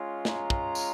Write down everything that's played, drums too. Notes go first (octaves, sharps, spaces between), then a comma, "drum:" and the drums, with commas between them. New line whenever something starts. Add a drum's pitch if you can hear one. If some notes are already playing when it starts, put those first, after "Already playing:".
Already playing: G#3 C#4 F4
A#5, drum: snare
drum: kick
drum: tambourine